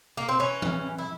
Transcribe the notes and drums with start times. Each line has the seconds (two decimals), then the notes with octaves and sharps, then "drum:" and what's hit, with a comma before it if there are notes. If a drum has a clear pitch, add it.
0.17 A#3
0.29 C4
0.39 E3 A#3 C#4
0.62 drum: tom E3
0.98 E4